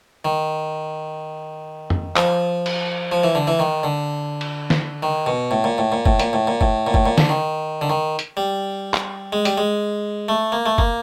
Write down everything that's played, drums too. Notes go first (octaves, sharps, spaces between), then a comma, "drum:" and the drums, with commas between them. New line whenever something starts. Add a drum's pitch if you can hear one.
D#3
drum: tom F2
F3, drum: clap
drum: cymbal
F3
E3
D3
E3
D#3
D3
drum: cymbal
drum: snare
D#3
B2
A2
A#2
A2
A#2
A2, drum: kick F#1
A#2, drum: hi-hat
A2
A#2
A2, drum: kick F#1
A#2
A2, drum: kick F#1
A#2
D3, drum: snare
D#3
D3
D#3
drum: hi-hat
G3
drum: clap
G#3
G3, drum: hi-hat
G#3
A3
A#3
A3
A#3, drum: kick F#1